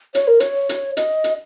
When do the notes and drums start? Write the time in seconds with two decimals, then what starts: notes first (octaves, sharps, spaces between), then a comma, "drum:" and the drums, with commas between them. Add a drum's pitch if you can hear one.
0.15 C#5, drum: hi-hat
0.28 A#4
0.40 C#5, drum: hi-hat
0.69 drum: hi-hat
0.97 D#5, drum: hi-hat
1.24 drum: hi-hat